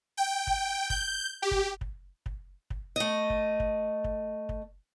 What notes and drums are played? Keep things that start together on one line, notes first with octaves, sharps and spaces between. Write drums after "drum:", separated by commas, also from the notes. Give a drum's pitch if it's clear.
G5
drum: kick
G6, drum: kick
G4
drum: kick
drum: kick
drum: kick
drum: kick
A3 D#5
drum: kick
drum: kick
drum: kick
drum: kick